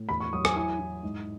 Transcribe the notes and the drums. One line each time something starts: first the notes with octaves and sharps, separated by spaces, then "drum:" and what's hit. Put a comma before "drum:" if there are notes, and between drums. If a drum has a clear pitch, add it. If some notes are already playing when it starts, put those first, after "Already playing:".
Already playing: A2
E2 B5
C#6
F#3 D#6
G#5, drum: rim click
E4 G#5
E4
G#2